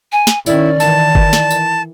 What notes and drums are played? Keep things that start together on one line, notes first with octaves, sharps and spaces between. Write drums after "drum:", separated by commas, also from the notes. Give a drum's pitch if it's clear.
G#5
drum: snare
D#3 C#4 E4 D5, drum: tambourine
D#3 E3 A5, drum: tambourine
drum: kick G1
drum: snare
drum: tambourine